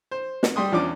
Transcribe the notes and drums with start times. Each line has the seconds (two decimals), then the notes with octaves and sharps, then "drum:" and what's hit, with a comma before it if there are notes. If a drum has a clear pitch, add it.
0.11 C5
0.43 drum: snare
0.56 G3 G5 C6 D#6
0.72 E2 F3 C#4 D4 D6